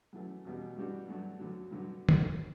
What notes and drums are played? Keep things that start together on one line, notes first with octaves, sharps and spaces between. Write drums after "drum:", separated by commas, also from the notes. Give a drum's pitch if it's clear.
F#2 E3 A3 C#4
E2 B2 G3 C#4
G2 E3 G3 D4 F#4
G2 F#3 A3 D4 F#4
D2 D3 F#3
G2 D3 F#3
drum: tom